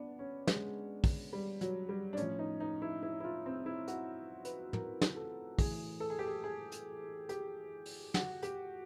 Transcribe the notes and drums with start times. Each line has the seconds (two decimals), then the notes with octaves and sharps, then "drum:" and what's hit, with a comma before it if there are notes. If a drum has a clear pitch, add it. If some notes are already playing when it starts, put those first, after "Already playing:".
Already playing: B3 D4
0.19 C#4
0.47 G#3, drum: snare
1.04 drum: kick, open hi-hat
1.33 G3
1.61 F#3, drum: hi-hat
1.89 G3
2.13 D4
2.17 A2 F3 C#4, drum: hi-hat
2.39 D#4
2.60 D#4
2.82 E4
3.03 E4
3.20 E4
3.24 F4
3.46 C4
3.66 E4
3.88 F#4, drum: hi-hat
4.45 B4, drum: hi-hat
4.73 A#4, drum: tom
5.01 drum: snare
5.16 A4
5.59 A2 E3 G#4, drum: kick, open hi-hat
6.00 A4
6.10 G#4
6.19 G4
6.27 G#4
6.44 G#4
6.72 drum: hi-hat
7.29 G4, drum: hi-hat
7.86 drum: open hi-hat
8.14 F#4, drum: snare
8.43 G4, drum: hi-hat